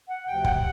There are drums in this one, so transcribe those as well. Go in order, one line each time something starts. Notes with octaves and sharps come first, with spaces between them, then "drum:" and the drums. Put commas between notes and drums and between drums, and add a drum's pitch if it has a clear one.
F#5
D2 C3 F3 G5
F#5, drum: kick